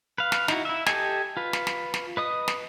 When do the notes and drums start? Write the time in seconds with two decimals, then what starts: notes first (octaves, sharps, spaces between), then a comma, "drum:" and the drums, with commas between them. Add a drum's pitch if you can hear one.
0.18 B4 F5
0.32 drum: snare
0.48 D#4 E4 F#4, drum: snare
0.65 E4 E5
0.86 G4 A4 D#5 G#5, drum: snare
1.37 F4 B4
1.53 drum: snare
1.67 drum: snare
1.94 drum: snare
2.17 B4 D#5 D#6
2.48 drum: snare